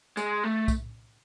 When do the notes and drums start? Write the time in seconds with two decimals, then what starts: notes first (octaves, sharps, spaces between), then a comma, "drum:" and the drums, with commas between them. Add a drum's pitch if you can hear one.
0.17 G#3, drum: tambourine
0.44 A3
0.68 drum: kick B1, tambourine